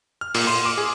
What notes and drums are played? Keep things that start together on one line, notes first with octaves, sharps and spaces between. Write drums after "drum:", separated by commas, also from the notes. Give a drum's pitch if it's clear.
F6
A#2, drum: open hi-hat
C6
D6
G#4